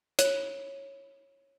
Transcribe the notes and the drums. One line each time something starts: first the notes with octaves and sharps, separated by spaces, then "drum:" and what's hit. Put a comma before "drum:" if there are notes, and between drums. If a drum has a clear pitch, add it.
C#5, drum: hi-hat